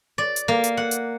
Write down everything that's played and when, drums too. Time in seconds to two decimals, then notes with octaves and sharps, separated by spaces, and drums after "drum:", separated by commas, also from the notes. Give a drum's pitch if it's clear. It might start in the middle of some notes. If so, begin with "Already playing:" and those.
0.18 D5
0.36 drum: hi-hat
0.48 A#3
0.64 drum: hi-hat
0.77 F#5
0.91 drum: hi-hat